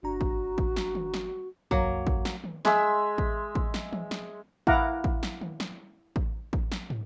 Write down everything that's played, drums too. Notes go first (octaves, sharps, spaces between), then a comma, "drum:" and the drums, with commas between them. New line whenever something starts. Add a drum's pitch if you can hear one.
G1 D4 F#4 A#5
drum: kick A1
drum: kick A1
drum: snare
drum: tom D#3
drum: snare
C2 F#2 F#3 A#3, drum: kick A1
drum: kick A1
drum: snare
drum: tom D#3
G#3 E5 E6, drum: snare
drum: kick A1
drum: kick A1
drum: snare
drum: tom E3
drum: snare
E4 F5 F#5 A#5 D6, drum: kick A1
drum: kick A1
drum: snare
drum: tom D#3
drum: snare
drum: kick A1
drum: kick A1
drum: snare
drum: tom